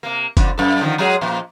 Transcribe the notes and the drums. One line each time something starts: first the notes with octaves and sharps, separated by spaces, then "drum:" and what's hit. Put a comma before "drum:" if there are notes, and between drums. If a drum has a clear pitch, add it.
C3 A#3
F2 D3, drum: kick F#1, hi-hat
F#2 A4
D3 D#3 F3
F#3 G#3 G#4
A#2 F3 A#3